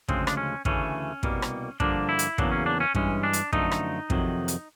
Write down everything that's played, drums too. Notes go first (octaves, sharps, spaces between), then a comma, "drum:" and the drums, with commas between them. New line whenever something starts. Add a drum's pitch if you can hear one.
D2 C#3 F3 G#3 C4, drum: kick
D4, drum: rim click
C#4
D2 C#3 E3 A3 C#4, drum: kick
C2 B2 G3 A#3, drum: kick
drum: rim click
G2 D3 F3 A#3 D4, drum: kick
E4
drum: hi-hat
E2 C#3 F#3 A#3 D4, drum: kick
C#4
D4
C#4
G2 E3 G#3 C#4, drum: kick
D4
drum: hi-hat
F#2 D3 F3 A3 D#4, drum: kick
drum: rim click
F2 C3 D#3 F#3, drum: kick
drum: hi-hat